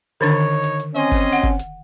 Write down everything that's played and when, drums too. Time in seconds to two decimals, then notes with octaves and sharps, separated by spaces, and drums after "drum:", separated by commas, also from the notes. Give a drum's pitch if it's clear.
0.21 D3 D#3 D4 D#4 C#5
0.64 drum: hi-hat
0.80 drum: hi-hat
0.96 C4 C#4 D#5 G#5 C6, drum: hi-hat
1.11 drum: kick G1, open hi-hat
1.33 F#5
1.43 drum: kick G1, hi-hat
1.59 drum: hi-hat